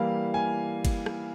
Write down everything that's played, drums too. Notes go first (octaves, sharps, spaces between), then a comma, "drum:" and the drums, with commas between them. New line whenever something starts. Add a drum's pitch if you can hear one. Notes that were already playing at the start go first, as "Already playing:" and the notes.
Already playing: E3 G3 A#3 E4 F5
G#5
drum: kick G1, cymbal
drum: rim click